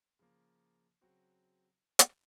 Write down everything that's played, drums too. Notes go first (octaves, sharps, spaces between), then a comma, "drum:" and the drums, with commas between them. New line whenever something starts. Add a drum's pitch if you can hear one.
C#3 F3 A#3
C#3 F#3 C4 F#4
drum: hi-hat